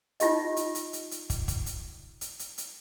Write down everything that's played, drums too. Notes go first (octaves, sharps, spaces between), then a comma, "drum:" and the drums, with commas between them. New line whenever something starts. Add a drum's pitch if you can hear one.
D#4 F4 G4 D#5, drum: hi-hat
drum: hi-hat
drum: hi-hat
drum: hi-hat
drum: hi-hat
drum: kick, hi-hat
drum: kick, hi-hat
drum: hi-hat
drum: hi-hat
drum: hi-hat
drum: hi-hat